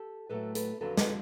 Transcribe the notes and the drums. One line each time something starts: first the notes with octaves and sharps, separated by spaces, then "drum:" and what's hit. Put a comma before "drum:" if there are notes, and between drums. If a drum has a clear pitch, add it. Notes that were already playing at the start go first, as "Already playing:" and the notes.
Already playing: G4 A4
A2 F#3 A3 A4 B4
A4 B4, drum: hi-hat
F2 D3 F#3 A4 B4
A4 B4, drum: snare